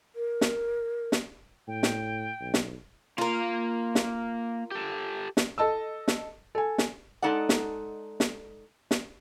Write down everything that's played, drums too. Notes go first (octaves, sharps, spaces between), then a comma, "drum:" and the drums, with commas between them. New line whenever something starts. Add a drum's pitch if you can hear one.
A#4
drum: snare
drum: snare
A2 G5
drum: snare
B1
drum: snare
A#3 F4 A#4 F5
drum: snare
G4 A4
drum: snare
A4 D#5 A5 E6
drum: snare
A4 G#5
drum: snare
G#3 D#4 A4 D5 F#5
drum: snare
drum: snare
drum: snare